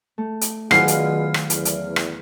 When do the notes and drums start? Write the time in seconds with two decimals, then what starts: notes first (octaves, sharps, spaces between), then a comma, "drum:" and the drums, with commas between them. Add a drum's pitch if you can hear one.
0.18 A3
0.41 drum: hi-hat
0.71 B2 D#3 F#3 F4 G#4 F#5 F6 C7, drum: rim click
0.88 drum: hi-hat
1.34 drum: rim click
1.50 E2, drum: hi-hat
1.65 drum: hi-hat
1.96 drum: rim click